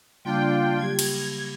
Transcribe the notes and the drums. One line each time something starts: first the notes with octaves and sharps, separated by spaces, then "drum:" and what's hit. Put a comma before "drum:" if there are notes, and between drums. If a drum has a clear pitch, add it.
C#3 G3 A#3 D4 F4 G5
F#3 G4 G#6
drum: cymbal